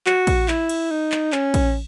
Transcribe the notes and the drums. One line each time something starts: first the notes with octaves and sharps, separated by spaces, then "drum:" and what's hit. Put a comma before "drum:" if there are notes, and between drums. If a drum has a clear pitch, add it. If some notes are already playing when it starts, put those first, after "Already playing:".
F#4, drum: clap
drum: kick, cymbal
E4, drum: clap
drum: cymbal
D#4
drum: clap
C#4, drum: clap
drum: kick, cymbal